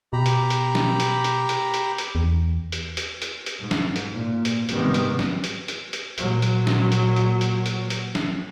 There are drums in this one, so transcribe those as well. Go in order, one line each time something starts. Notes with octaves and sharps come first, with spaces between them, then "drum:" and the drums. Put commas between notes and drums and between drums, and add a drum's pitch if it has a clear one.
B2 G4 A#5 B5
drum: hi-hat
drum: hi-hat
drum: snare
drum: hi-hat
drum: hi-hat
drum: hi-hat
drum: hi-hat
drum: hi-hat
E2
drum: hi-hat
drum: hi-hat
drum: hi-hat
drum: hi-hat
G#2
drum: snare
drum: hi-hat
A#2
drum: hi-hat
G#2 C3 D#3 G3 G#3 B3, drum: hi-hat
drum: hi-hat
drum: snare
drum: hi-hat
drum: hi-hat
drum: hi-hat
A#2 F#3, drum: hi-hat
drum: hi-hat
drum: snare
drum: hi-hat
drum: hi-hat
drum: hi-hat
drum: hi-hat
drum: hi-hat
drum: snare